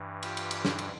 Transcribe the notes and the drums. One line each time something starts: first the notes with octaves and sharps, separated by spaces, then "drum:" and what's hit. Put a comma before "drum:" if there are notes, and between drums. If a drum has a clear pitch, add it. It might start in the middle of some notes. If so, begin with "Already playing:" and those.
Already playing: G2 E3
F4 G4, drum: cymbal
drum: cymbal
drum: cymbal
drum: snare
drum: cymbal